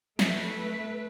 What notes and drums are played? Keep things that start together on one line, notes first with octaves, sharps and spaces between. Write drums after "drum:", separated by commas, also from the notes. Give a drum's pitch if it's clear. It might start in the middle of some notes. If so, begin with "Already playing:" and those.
A3 B4, drum: snare